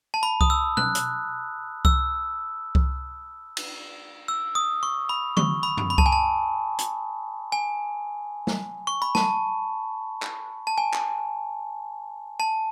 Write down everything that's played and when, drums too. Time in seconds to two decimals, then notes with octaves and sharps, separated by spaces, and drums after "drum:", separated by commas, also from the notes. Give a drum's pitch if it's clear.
0.14 A5
0.23 B5
0.41 D#6, drum: kick C2
0.50 E6
0.77 F#6, drum: tom B2
0.95 drum: hi-hat
1.85 E6, drum: kick C2
2.75 drum: kick C2
3.57 drum: cymbal
4.28 E6
4.55 D#6
4.83 C#6
5.09 B5
5.37 C#6, drum: tom D3
5.63 B5
5.77 drum: tom F#2
5.90 B5
5.98 A5, drum: kick C2
6.06 G#5
6.12 A5
6.78 drum: hi-hat
7.52 G#5
8.47 drum: snare
8.87 C#6
9.02 B5
9.15 A5, drum: snare
10.22 drum: clap
10.67 A5
10.78 G#5
10.94 drum: clap
12.40 A5